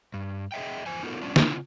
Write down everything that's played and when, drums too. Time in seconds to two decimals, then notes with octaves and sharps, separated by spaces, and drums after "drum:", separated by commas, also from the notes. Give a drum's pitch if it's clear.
0.14 G2
0.52 G#4 D#5 E5 G5
0.86 E2 F3 C5 G#5
1.03 B3 D#4 F4 F#4 A4 A#4
1.21 G3 B3 C#4 D4 F4
1.36 C#3 C4 E4 F4, drum: snare